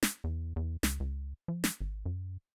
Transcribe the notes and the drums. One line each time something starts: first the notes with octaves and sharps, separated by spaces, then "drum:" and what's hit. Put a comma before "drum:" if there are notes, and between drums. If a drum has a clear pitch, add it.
drum: snare
E2
E2
C#2, drum: snare
C#2
F3
drum: snare
G#1
F#2